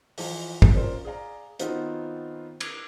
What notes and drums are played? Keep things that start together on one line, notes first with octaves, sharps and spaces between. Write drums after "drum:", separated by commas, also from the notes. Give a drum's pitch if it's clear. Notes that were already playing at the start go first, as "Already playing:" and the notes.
E3 F3, drum: open hi-hat
drum: kick
C4 C#4 F4 A#4 C5 D5
G#4 D5 F5 A#5
D#3 B3 C4 D#4 F4 F#4, drum: hi-hat
D6, drum: cymbal